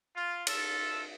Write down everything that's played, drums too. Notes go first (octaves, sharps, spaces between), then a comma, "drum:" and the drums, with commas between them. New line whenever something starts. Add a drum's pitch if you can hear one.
F4
F4 A4, drum: cymbal